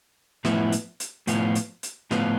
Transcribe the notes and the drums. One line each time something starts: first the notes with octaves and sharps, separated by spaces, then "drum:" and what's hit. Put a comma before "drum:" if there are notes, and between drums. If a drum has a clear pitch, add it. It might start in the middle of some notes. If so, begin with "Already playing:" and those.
A2 F3 B3 E4, drum: snare
drum: hi-hat
drum: hi-hat
A2 F3 B3 F4, drum: hi-hat
drum: hi-hat
drum: hi-hat
A2 F3 B3 F4, drum: snare